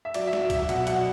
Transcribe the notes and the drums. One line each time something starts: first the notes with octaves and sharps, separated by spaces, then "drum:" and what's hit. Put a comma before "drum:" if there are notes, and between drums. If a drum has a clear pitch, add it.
E5
F#3 D5, drum: cymbal
E5
F#3, drum: snare
E5
F#3, drum: kick C#2, cymbal
E5
B2 F#5, drum: cymbal
F#3 F#5, drum: cymbal